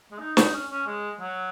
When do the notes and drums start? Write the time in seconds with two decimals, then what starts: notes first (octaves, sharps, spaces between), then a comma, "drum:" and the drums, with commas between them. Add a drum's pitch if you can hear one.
0.11 G#3
0.19 D#4
0.37 D#4, drum: snare
0.53 C#4
0.70 C#4
0.86 G#3
1.20 F#3